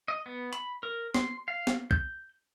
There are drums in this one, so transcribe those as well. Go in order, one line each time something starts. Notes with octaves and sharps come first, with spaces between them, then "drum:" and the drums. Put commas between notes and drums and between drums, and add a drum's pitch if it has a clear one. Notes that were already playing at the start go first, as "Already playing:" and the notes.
D#5
B3
B5, drum: hi-hat
A#4
C6, drum: snare
F5
drum: snare
G6, drum: kick